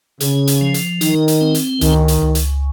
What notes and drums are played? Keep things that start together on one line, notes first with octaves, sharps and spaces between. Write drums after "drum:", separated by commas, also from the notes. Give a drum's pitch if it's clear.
C#3 G#4, drum: hi-hat
drum: hi-hat
F3
drum: hi-hat
D#3 D#4, drum: hi-hat
drum: hi-hat
C4
drum: hi-hat
C#2 D#3, drum: hi-hat
drum: hi-hat
C#2
drum: hi-hat